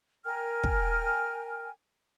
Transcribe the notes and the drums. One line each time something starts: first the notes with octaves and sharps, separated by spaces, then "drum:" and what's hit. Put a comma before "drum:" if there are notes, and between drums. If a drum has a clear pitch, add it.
A#4 G5 G#5 F6
drum: kick